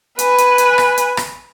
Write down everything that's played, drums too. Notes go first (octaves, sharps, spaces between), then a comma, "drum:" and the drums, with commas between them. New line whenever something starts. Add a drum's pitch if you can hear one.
B4 G#5, drum: hi-hat
drum: hi-hat
drum: hi-hat
drum: rim click
drum: hi-hat
drum: rim click